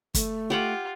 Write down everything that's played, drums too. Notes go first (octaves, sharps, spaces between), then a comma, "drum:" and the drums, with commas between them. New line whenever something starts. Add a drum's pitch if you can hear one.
A3, drum: kick, hi-hat
F4 G4 F#5 G5